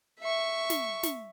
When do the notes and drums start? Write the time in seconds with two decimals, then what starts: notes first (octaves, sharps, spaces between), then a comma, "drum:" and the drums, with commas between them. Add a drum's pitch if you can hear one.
0.20 E5 C#6
0.70 drum: snare
1.03 drum: snare